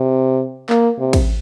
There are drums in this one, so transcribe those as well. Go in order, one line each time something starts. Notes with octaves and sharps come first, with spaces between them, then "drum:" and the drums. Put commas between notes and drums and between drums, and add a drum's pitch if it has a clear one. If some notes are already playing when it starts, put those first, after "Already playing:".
Already playing: C3
A#3, drum: clap
C3
drum: kick, cymbal